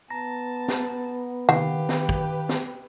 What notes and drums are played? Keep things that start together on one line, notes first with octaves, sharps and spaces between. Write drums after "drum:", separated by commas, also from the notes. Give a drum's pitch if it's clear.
B3 A5 A#5 A#6
drum: snare
D#3 G4 B4 F5 F#5, drum: tom
drum: snare
drum: kick
drum: snare